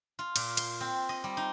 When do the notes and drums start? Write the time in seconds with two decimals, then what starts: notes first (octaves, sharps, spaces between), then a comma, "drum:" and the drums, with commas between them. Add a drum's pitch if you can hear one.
0.19 F4
0.36 A#2, drum: cymbal
0.57 C6, drum: cymbal
0.81 C4
1.09 D#5
1.24 G3
1.37 D#4